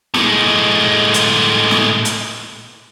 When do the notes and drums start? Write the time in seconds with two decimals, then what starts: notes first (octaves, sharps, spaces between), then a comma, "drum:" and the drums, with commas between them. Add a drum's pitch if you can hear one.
0.14 A2 G#3, drum: snare
1.14 drum: hi-hat
1.71 drum: snare
2.05 drum: hi-hat